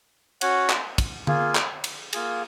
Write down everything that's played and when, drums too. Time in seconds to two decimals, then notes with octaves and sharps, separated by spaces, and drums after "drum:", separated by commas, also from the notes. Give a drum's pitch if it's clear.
0.41 C#4 F#4 C#5 F#5, drum: cymbal
0.70 drum: clap
0.98 drum: kick, cymbal
1.27 A#3 F4 G#4, drum: tom D3
1.55 drum: clap
1.84 drum: cymbal
2.13 A#3 F4 G#4, drum: cymbal